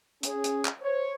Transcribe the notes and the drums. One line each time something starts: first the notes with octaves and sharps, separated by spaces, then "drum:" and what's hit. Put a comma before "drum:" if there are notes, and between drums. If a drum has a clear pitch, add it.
C#4 G#4, drum: hi-hat
drum: hi-hat
drum: clap
C5 C#5